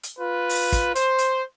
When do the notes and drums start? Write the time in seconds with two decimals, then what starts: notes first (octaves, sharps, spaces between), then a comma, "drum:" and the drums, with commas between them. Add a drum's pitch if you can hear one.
0.03 drum: hi-hat
0.20 F4 B4
0.49 drum: open hi-hat
0.72 drum: kick, hi-hat
0.95 C5, drum: hi-hat
1.18 drum: hi-hat